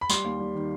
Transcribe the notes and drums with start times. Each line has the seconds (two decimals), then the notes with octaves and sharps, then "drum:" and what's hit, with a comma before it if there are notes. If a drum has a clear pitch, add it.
0.01 B5
0.10 G3 C6, drum: tambourine
0.25 D#2
0.40 G3
0.55 D#3